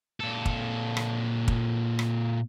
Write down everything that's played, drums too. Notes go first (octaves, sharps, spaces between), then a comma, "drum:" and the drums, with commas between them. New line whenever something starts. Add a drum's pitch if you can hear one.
A#2 A4
drum: kick
drum: rim click
drum: kick
drum: rim click